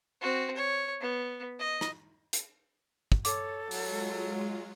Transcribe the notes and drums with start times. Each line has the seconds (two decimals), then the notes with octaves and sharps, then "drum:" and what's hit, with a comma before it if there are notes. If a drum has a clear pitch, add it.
0.21 C4 F#4
0.56 C#5
1.01 B3
1.60 D#5
1.81 drum: rim click
2.33 drum: hi-hat
3.12 drum: kick
3.25 A4 C#5 D6, drum: hi-hat
3.71 F#3 G#3 F4, drum: open hi-hat